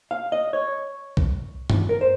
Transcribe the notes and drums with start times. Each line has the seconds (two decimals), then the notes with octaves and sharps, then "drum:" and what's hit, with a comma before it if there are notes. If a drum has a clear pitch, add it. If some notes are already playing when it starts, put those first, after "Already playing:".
0.11 F5
0.32 D#5
0.53 C#5
1.17 drum: kick
1.70 drum: tom G2
1.89 A#4
2.01 C5